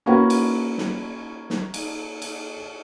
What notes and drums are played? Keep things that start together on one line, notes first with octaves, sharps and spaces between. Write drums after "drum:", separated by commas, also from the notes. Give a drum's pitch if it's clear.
A#3 C#4 E4 F#4 B4
drum: cymbal
drum: snare
drum: snare
drum: cymbal
drum: cymbal